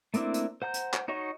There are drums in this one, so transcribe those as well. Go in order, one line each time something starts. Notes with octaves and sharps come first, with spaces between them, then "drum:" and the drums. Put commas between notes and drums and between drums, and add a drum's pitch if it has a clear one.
A3 A#3 C4 D4 E4, drum: hi-hat
drum: hi-hat
C5 F#5 A#5 G6
drum: hi-hat
drum: clap
D#4 F#4 C#5 D#5 C#6